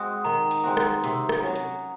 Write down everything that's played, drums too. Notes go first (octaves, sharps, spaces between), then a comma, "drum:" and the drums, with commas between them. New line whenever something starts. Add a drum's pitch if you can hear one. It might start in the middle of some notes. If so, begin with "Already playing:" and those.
Already playing: G#3 C4 F#4 D#6
D#3 A#5
drum: open hi-hat
G#3 C4 F#4
drum: rim click
C3, drum: hi-hat
drum: rim click
F#3 C#4
drum: hi-hat